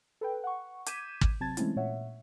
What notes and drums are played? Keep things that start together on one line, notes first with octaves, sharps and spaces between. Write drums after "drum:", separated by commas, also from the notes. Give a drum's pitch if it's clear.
A4 B4 G5
F#5 C#6
D6 G6 G#6 B6 D#7 E7, drum: hi-hat
drum: kick
C3 F#3 C4 A5 G#6 A6
E3 G#3 A3 C4 C#4 E4, drum: hi-hat
A#2 C#5 E5 F#5